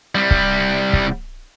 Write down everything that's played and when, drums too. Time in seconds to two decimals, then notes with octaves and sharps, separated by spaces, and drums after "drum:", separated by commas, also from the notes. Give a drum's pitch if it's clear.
0.15 C2 G3
0.31 drum: kick C#1
0.93 drum: kick C#1